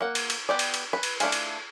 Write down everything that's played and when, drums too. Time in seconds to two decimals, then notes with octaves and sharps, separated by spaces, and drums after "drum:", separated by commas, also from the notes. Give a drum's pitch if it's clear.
0.01 A#3 F#5
0.15 drum: cymbal
0.30 drum: cymbal
0.49 B3 G4 D5
0.59 drum: cymbal
0.74 drum: cymbal
0.93 B4
1.03 drum: cymbal
1.20 A3 D4 E4 F5 G#5, drum: cymbal
1.32 drum: cymbal